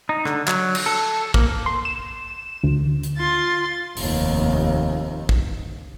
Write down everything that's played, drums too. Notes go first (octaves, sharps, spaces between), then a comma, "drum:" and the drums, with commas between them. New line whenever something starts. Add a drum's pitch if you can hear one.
D#4
D3, drum: rim click
F#3, drum: clap
drum: cymbal
A4
A#3, drum: kick
C6
E7
D2
drum: hi-hat
F4 C6 A6
F1 D#2, drum: open hi-hat
drum: kick